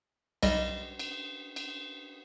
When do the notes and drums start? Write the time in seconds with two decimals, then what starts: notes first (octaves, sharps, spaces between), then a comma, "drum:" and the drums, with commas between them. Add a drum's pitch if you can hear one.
0.43 B1 G3 D#5, drum: cymbal
0.99 drum: cymbal
1.56 drum: cymbal